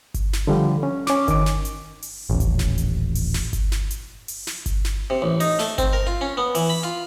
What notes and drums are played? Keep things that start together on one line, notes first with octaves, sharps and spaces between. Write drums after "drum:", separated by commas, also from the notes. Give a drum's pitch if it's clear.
drum: kick G1, hi-hat
drum: snare
D3 F3 G3
C#4
C#4 D6, drum: snare
D#3 D6, drum: kick G1, hi-hat
drum: snare
drum: hi-hat
drum: open hi-hat
D#1 A1
drum: kick G1, hi-hat
drum: snare
drum: hi-hat
drum: open hi-hat
drum: snare
drum: kick G1, hi-hat
drum: snare
drum: hi-hat
drum: open hi-hat
drum: snare
drum: kick G1, hi-hat
drum: snare
C3
A1
D#4, drum: open hi-hat
A3, drum: snare
C4, drum: kick G1, hi-hat
A#4
F4
C#4
B3
E3, drum: open hi-hat
B5
F4